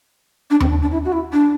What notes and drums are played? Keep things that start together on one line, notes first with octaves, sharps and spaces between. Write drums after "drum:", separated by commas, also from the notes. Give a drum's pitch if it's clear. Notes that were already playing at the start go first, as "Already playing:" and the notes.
D4
C4, drum: tom D#2
D4
D4
E4
F#4
E4
D4